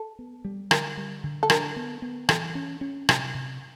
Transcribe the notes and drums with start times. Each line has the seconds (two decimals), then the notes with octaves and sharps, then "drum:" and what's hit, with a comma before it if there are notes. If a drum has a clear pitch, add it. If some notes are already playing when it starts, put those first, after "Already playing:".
Already playing: A4
0.19 B3
0.45 G3
0.71 D3 A#4, drum: rim click
0.97 G3
1.24 D3
1.43 A4
1.50 D4 A#4, drum: rim click
1.76 B3
2.02 B3
2.29 E3 A4, drum: rim click
2.55 C#4
2.81 C#4
3.09 C3, drum: rim click
3.34 C3